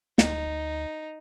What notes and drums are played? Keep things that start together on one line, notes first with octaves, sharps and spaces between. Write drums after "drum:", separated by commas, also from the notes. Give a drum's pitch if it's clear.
D2 D#4, drum: snare